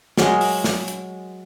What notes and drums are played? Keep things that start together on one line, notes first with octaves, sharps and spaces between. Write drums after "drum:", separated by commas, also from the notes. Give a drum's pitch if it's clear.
F#3 G#3 A#4, drum: snare
drum: open hi-hat
drum: snare
drum: hi-hat